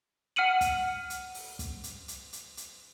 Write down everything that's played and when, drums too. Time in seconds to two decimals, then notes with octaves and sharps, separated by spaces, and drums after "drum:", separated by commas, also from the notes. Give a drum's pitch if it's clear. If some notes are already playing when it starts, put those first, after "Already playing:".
0.36 F#5 F6 C#7 D#7 F#7
0.61 drum: kick, hi-hat
1.10 drum: hi-hat
1.34 drum: open hi-hat
1.59 drum: kick, hi-hat
1.84 drum: hi-hat
2.08 drum: hi-hat
2.33 drum: hi-hat
2.57 drum: hi-hat